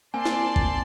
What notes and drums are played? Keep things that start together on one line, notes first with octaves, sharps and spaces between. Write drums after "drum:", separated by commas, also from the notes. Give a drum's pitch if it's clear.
A#3 C4 D5 G#5 A5 C6
drum: snare
drum: kick G#1